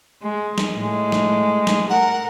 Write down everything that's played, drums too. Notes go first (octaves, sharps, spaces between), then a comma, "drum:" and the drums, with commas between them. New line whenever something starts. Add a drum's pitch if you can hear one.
G#3
drum: snare
A2 G#3
drum: snare
drum: snare
A#4 F#5